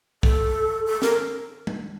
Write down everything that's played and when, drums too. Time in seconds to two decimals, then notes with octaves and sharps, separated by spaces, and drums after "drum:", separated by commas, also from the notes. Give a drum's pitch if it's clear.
0.23 A4, drum: kick
0.86 A4
1.02 A#4, drum: snare
1.67 drum: tom G3